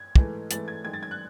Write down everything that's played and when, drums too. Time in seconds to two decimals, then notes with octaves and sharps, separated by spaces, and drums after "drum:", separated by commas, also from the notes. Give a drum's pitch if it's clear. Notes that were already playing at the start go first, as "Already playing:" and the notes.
Already playing: G#6
0.16 G#2 E3 A3, drum: kick
0.51 G#2 E3 A3 A6, drum: hi-hat
0.68 G#6
0.84 F#2 D#3 G#3 G#6
0.93 A6
1.03 G#6
1.11 F#6